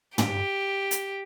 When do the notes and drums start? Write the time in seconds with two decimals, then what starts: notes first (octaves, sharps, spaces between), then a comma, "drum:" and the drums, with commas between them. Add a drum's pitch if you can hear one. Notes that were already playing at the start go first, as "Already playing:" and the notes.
0.18 G4, drum: tom
0.91 drum: hi-hat